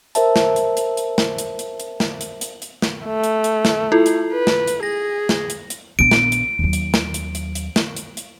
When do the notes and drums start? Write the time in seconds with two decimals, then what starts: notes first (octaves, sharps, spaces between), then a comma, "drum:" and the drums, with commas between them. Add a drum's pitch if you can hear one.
0.15 A#4 C5 E5 A5, drum: hi-hat
0.36 drum: snare
0.56 drum: hi-hat
0.77 drum: hi-hat
0.97 drum: hi-hat
1.18 drum: snare
1.38 drum: hi-hat
1.59 drum: hi-hat
1.80 drum: hi-hat
2.00 drum: snare
2.21 drum: hi-hat
2.41 drum: hi-hat
2.62 drum: hi-hat
2.82 drum: snare
3.06 A3
3.24 drum: hi-hat
3.44 drum: hi-hat
3.65 drum: snare
3.92 E4 F4 A4
4.06 drum: hi-hat
4.33 B4
4.47 drum: snare
4.67 drum: hi-hat
4.83 G#4 A#6
5.29 drum: snare
5.50 drum: hi-hat
5.70 drum: hi-hat
5.99 A#1 B3 D7
6.11 drum: snare
6.32 drum: hi-hat
6.59 D#2 F#3
6.73 drum: hi-hat
6.94 drum: snare
7.14 drum: hi-hat
7.35 drum: hi-hat
7.55 drum: hi-hat
7.76 drum: snare
7.97 drum: hi-hat
8.17 drum: hi-hat